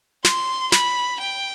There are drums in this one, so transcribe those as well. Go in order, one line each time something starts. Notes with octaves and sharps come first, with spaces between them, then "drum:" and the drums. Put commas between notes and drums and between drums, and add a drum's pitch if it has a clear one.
C6, drum: snare
B5, drum: snare
G5